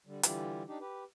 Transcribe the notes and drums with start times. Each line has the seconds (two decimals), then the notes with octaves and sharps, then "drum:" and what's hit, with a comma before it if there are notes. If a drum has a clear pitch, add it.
0.06 D3 G3
0.23 D3 E3 G3 E4 F4 G4, drum: hi-hat
0.68 D4 D#4 G4
0.80 G4 B4